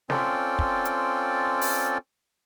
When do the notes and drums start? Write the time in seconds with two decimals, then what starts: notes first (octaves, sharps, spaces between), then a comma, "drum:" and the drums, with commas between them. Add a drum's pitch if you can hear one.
0.10 C4 C#4 F4 A4 D5 G5, drum: snare
0.59 drum: kick
0.85 drum: hi-hat
1.61 drum: open hi-hat